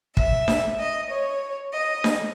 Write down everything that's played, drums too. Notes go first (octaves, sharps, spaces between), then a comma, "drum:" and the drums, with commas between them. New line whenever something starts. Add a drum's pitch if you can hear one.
E5, drum: kick
drum: snare D4
D#5
C#5
D#5
drum: snare D4